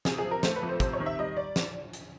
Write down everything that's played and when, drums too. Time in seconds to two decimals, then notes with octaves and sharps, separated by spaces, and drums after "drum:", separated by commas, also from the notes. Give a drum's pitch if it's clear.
0.05 C3 G#4, drum: snare
0.18 G#4
0.25 F3
0.31 A#4
0.43 A3 C5, drum: snare
0.56 B4
0.62 F2
0.69 C5
0.80 C3 C5, drum: kick, hi-hat
0.93 C#5
1.00 D#3
1.06 E5
1.19 G3 D#5
1.36 D5
1.56 drum: snare
1.93 drum: hi-hat